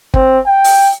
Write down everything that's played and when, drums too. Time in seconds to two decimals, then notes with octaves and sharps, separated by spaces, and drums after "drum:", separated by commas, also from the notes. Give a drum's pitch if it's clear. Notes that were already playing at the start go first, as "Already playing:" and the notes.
0.14 C4, drum: kick
0.46 G5
0.64 drum: open hi-hat